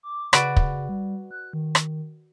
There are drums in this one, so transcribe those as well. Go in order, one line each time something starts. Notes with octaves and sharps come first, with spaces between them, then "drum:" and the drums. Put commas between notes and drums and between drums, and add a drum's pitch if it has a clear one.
D6
C#3 F#4 B4 D5, drum: rim click
drum: kick
G3
F#6
D#3
drum: rim click